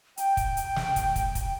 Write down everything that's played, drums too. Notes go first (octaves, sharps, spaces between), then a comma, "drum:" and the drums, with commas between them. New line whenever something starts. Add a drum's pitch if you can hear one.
G5, drum: hi-hat
drum: kick, hi-hat
drum: hi-hat
drum: snare
drum: kick, hi-hat
drum: kick, hi-hat
drum: kick, hi-hat